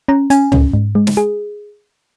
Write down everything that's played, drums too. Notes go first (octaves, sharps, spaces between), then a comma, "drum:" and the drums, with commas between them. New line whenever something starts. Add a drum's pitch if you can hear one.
C#4 A#5
C#4 G#5, drum: hi-hat
C#4, drum: tom C#2
G#2
G#3
drum: snare
G#4